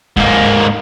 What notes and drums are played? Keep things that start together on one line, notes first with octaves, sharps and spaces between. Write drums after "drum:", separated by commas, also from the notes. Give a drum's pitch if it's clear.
G#2 A#3, drum: kick D2